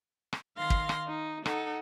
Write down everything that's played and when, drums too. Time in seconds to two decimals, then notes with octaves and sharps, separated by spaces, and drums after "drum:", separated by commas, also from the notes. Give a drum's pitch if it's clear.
0.33 drum: rim click
0.56 D#3 F5 C6 A#6
0.70 drum: kick
0.89 drum: rim click
1.07 D#4
1.46 D#4 A4 F#5, drum: rim click